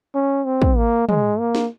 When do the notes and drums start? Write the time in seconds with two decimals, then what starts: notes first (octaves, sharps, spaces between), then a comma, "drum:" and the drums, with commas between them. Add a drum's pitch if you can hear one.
0.15 C#4
0.46 C4
0.62 drum: kick
0.77 A#3
1.09 G#3, drum: tom
1.39 A#3
1.55 drum: snare